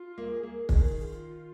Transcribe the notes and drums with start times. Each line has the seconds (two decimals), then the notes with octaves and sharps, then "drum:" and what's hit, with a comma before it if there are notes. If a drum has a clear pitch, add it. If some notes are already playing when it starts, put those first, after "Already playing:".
Already playing: F4
0.18 A#3
0.30 G#4
0.43 A#3
0.69 D#3 G#4, drum: kick
1.08 F4